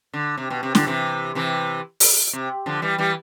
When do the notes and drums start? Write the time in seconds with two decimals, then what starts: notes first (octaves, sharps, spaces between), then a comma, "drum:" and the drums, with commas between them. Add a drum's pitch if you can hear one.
0.13 D3
0.37 C3
0.50 B2
0.63 C3
0.75 D3, drum: snare
0.87 C3 E3
1.35 C3 E3
2.00 drum: open hi-hat
2.33 C3
2.66 D3 F3
2.82 E3 G3
2.98 E3 G3